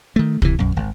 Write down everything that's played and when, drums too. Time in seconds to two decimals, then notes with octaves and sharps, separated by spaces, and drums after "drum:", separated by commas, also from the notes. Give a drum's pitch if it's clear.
0.16 D#3 A3
0.42 C3 E3, drum: kick
0.59 B1 F#2
0.76 G#1